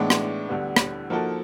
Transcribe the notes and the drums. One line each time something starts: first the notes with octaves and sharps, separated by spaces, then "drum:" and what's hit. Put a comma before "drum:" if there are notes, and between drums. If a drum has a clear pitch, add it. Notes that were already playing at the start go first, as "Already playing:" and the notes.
Already playing: A2 E3 G#3 B3 D4
drum: rim click
D2 D3 G3 B3
drum: rim click
F3 A#3 D#4 F#4 A4